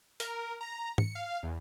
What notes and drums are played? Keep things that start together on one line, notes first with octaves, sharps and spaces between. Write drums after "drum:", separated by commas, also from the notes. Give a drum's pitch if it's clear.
A#4, drum: open hi-hat
A#5
C#7, drum: tom
F5
E2